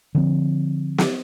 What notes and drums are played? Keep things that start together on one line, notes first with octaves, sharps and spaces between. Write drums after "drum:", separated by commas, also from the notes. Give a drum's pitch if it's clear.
D3 F3 C4
drum: snare